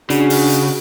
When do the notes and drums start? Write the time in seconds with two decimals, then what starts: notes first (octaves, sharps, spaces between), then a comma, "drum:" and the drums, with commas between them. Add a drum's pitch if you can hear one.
0.10 C#3 D4 F#4 G#4, drum: hi-hat
0.30 drum: open hi-hat
0.50 drum: hi-hat